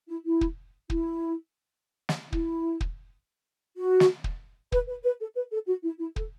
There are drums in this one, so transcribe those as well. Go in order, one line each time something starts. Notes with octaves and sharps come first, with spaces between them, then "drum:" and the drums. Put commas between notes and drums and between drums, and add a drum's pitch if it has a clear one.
E4
E4
drum: kick
E4, drum: kick
drum: snare
E4, drum: kick
drum: kick
F#4
drum: snare
drum: kick
B4, drum: kick
B4
B4
A4
B4
A4
F#4
E4
E4
A4, drum: kick